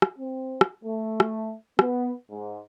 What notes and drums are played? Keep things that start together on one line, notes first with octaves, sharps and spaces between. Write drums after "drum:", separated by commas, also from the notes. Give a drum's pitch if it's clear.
drum: rim click
C4
drum: rim click
A3
drum: rim click
B3, drum: rim click
G#2